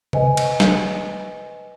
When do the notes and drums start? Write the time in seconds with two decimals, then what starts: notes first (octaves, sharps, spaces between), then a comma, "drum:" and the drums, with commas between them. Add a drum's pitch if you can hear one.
0.13 B4 C5 D#5 G#5, drum: tom C3
0.37 drum: cymbal
0.60 drum: snare